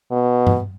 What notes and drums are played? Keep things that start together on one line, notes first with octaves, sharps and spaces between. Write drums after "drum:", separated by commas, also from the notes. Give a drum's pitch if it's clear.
B2
drum: tom G2